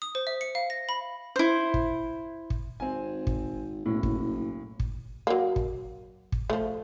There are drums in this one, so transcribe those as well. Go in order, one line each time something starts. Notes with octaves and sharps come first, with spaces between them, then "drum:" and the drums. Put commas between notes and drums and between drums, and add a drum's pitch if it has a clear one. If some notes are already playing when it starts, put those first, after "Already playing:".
D#6
C5
E5
C#7
F5
A#6
B5
E4 C5
drum: kick
drum: kick
G#1 C4 G#5
drum: kick
F#1 B1 A2
drum: kick
drum: kick
F#3 A#3
drum: kick
drum: kick
F3 A3